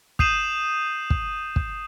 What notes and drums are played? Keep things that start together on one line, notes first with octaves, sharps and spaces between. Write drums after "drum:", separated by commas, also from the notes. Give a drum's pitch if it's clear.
D#6 G6 C7 D#7 E7 F#7, drum: kick
drum: kick
drum: kick